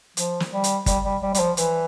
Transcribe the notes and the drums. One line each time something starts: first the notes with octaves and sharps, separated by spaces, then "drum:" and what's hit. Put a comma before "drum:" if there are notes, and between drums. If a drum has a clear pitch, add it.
F3, drum: hi-hat
drum: snare
G3
drum: hi-hat
G3, drum: kick G1, hi-hat
G3
G3
G3, drum: hi-hat
F3
E3, drum: hi-hat